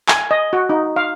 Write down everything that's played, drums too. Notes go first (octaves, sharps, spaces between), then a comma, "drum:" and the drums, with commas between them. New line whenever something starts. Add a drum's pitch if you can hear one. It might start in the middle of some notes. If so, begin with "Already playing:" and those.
G#5, drum: clap
D#5
F#4
D#4
F5